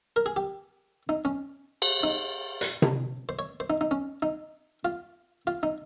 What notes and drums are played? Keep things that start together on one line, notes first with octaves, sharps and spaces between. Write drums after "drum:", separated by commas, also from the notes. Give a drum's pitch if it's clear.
A#4
G#4
G4
D#4
C#4
drum: cymbal
D#4
drum: hi-hat
drum: tom C3
C5
C#5
C5
D#4
D#4
C#4
D#4
F4
F4
D#4